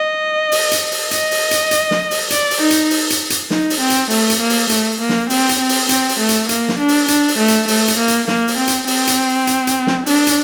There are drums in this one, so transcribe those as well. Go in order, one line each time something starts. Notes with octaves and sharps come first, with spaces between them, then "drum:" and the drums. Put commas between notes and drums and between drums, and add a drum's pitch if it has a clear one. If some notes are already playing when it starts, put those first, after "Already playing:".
Already playing: D#5
drum: open hi-hat
drum: hi-hat
drum: open hi-hat
D#5, drum: hi-hat
drum: open hi-hat
drum: hi-hat
drum: hi-hat
drum: snare
drum: open hi-hat
D5, drum: hi-hat
drum: open hi-hat
D#4
drum: hi-hat
drum: open hi-hat
drum: hi-hat
drum: hi-hat
D#4, drum: snare
drum: open hi-hat
C4
drum: hi-hat
A3, drum: open hi-hat
drum: hi-hat
A#3
drum: open hi-hat
A3, drum: hi-hat
A#3
drum: snare
C4, drum: open hi-hat
drum: hi-hat
C4
drum: open hi-hat
C4, drum: hi-hat
drum: open hi-hat
A3
drum: hi-hat
A#3, drum: hi-hat
drum: snare
D4
drum: open hi-hat
D4, drum: hi-hat
drum: open hi-hat
A3
drum: hi-hat
A3, drum: open hi-hat
drum: hi-hat
A#3
drum: hi-hat
A#3, drum: snare
drum: open hi-hat
C4
drum: hi-hat
C4, drum: open hi-hat
drum: hi-hat
drum: hi-hat
drum: hi-hat
drum: snare
D4, drum: open hi-hat
drum: hi-hat